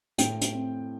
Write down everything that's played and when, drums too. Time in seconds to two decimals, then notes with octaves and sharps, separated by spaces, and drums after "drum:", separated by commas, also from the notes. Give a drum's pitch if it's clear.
0.18 A2 G5, drum: hi-hat
0.41 drum: hi-hat
0.53 C4